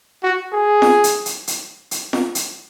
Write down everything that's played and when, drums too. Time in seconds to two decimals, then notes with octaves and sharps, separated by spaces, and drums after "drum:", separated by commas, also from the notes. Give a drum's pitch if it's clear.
0.23 F#4
0.53 G#4
0.82 drum: snare F4
1.04 drum: hi-hat
1.26 drum: hi-hat
1.47 drum: hi-hat
1.91 drum: hi-hat
2.13 drum: snare F4
2.35 drum: hi-hat